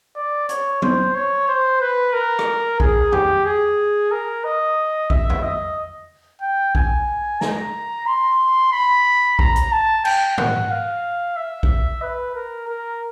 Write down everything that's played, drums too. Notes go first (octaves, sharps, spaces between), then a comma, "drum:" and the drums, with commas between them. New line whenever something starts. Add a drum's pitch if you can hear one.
D5
C#5, drum: hi-hat
C5, drum: tom F#3
C#5
C5
B4
A#4
drum: rim click
G#4, drum: kick A#1
G4, drum: tom E2
G#4
A#4
D#5
E5, drum: kick A#1
drum: tom E2
D#5
G5
G#5, drum: kick A#1
A#5, drum: snare
C6
B5
A#5, drum: kick A#1
drum: hi-hat
A5
G5, drum: cymbal
F#5, drum: tom
F5
E5
drum: kick A#1
B4
A#4
A#4